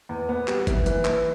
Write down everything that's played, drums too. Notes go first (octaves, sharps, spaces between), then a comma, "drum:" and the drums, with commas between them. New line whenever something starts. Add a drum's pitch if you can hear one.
E2
B3
G3, drum: clap
E3, drum: kick F#1, hi-hat
E3, drum: hi-hat
E3, drum: clap